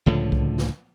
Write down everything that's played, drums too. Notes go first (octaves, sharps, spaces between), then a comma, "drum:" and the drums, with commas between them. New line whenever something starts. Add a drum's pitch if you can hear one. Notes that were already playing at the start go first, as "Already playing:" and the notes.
C#2 A2 D3 F3
drum: kick C2
drum: snare